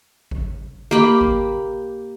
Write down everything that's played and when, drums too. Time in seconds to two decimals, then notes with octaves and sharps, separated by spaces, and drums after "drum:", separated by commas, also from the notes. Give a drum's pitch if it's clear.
0.31 drum: kick G#1
0.91 A#3 G4 B5
1.21 drum: kick G#1